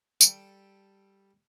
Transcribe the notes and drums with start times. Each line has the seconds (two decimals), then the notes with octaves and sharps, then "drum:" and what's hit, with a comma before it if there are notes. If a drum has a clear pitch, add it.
0.21 G3 G4 A4, drum: tambourine